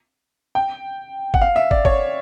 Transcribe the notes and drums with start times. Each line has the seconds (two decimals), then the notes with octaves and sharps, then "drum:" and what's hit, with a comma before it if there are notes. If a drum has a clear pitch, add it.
0.55 G5
1.34 F#5, drum: kick
1.41 F5
1.56 E5
1.71 D5, drum: kick
1.85 C#5, drum: kick